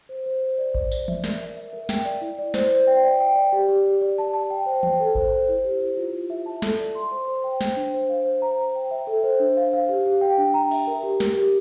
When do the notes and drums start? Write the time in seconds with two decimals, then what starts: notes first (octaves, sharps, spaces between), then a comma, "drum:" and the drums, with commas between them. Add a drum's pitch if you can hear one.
0.09 C5
0.26 C5
0.43 C5
0.58 D5
0.75 D5, drum: kick G#1
0.92 D5, drum: tambourine
1.08 E5, drum: tom E3
1.24 A#4, drum: snare
1.41 E5
1.56 E5
1.73 A#4
1.89 G5, drum: snare
2.05 D5
2.21 E4
2.39 D5
2.54 C5, drum: snare
2.71 C5
2.87 G5
3.04 D5
3.20 G5
3.36 D5
3.52 G4
3.68 G4
3.86 G4
4.01 D5
4.18 A5
4.34 A5
4.50 G5
4.66 C5
4.83 G5, drum: tom E3
5.00 A4
5.15 C5, drum: kick G#1
5.32 C5
5.48 E4
5.65 G4
5.81 E4
5.97 F4
6.13 F4
6.30 E5
6.46 A5
6.62 A4, drum: snare
6.79 D5
6.95 C6
7.11 C5
7.28 C5
7.44 G5
7.61 C5, drum: snare
7.76 D4
7.94 C5
8.09 F5
8.25 C5
8.42 A#5
8.59 A#5
8.75 G5
8.91 E5
9.07 A4
9.23 C5
9.40 D4
9.57 F5
9.73 F5
9.89 G4
10.06 G4
10.21 G5
10.38 D4
10.54 A#5
10.71 E5, drum: cymbal
10.87 A#4
11.03 G4
11.20 A#4, drum: snare
11.36 G4